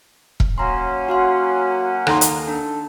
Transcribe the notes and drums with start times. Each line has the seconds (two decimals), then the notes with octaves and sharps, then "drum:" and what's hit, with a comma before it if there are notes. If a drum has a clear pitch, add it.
0.40 drum: kick E1
0.58 F#3 A#3 C#4 A#5 C6
1.09 F#4 F5 F#5 C6
2.07 D#2 A4 A#5 C6, drum: rim click
2.21 drum: hi-hat
2.48 D4 A4